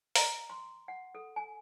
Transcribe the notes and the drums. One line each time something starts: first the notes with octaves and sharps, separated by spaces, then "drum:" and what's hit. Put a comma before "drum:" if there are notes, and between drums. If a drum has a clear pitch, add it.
A#5, drum: open hi-hat
C6
F#5
A4
G#5